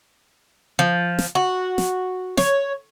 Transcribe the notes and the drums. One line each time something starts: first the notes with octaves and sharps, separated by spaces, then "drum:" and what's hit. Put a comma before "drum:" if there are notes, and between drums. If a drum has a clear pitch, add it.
F3
drum: snare
F#4
drum: snare
C#5, drum: snare